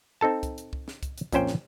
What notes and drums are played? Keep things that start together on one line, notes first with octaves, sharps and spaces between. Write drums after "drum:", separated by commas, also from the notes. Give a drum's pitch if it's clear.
C4 D#4 A4 A5
drum: kick C2, hi-hat
drum: hi-hat
drum: kick C2
drum: snare
drum: kick C2, hi-hat
drum: hi-hat
F2 A#2 C#4 C5 G5, drum: kick C2, hi-hat
drum: snare